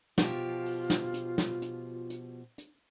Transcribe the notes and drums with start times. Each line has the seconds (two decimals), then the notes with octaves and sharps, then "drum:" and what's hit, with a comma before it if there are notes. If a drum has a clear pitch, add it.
0.18 B2 F3 F4 G4, drum: snare
0.66 drum: open hi-hat
0.90 drum: snare
1.14 drum: hi-hat
1.38 drum: snare
1.62 drum: hi-hat
2.10 drum: hi-hat
2.58 drum: hi-hat